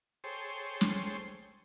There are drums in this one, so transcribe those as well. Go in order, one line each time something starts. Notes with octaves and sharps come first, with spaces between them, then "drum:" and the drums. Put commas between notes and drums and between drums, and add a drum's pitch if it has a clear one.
G#4 A4 C5 C#5 G5 C6
drum: snare